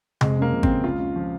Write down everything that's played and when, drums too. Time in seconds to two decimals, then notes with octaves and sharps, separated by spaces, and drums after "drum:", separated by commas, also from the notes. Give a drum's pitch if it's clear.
0.21 F2 G#3, drum: tom C3
0.37 C#3 A#3
0.52 F3
0.63 C4, drum: kick G#1
0.69 C#3
0.84 C#2 F4
1.00 C#3
1.16 F3